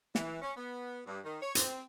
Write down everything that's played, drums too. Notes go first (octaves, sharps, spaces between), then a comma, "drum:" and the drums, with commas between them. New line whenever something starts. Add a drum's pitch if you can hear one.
E3, drum: snare
C#4
B3
G2
D#3
C#5
C4, drum: hi-hat